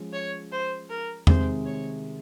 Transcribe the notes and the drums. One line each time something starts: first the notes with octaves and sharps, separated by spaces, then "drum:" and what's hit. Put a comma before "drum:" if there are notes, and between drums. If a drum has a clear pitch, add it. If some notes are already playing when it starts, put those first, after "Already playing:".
Already playing: F3 G#3 C#4
C#5
C5
A#4
C3 D#3 G#3 C4 C5, drum: tom E2
C#5